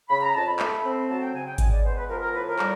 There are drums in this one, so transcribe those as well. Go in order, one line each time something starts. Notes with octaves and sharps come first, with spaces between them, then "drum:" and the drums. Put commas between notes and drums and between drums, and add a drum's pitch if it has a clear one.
C#3 B5
A#5
F2 A5
B5
A3, drum: clap
C4
F#3 A5
G5
C#3 G#5
G5
G#3 G#5, drum: kick G#1, hi-hat
D5
B3 C5
B4
F3 A#4
A#4
A2 B4
A#4
G3, drum: clap